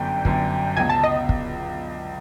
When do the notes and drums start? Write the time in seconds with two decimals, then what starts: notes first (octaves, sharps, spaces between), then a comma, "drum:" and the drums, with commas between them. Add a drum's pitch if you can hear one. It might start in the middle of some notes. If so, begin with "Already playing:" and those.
Already playing: G1 F#2 D3 G5
0.25 G1 F#2 D3, drum: kick
0.77 C#2 B2 F#3 G#5
0.90 A5
1.04 D#5
1.29 drum: kick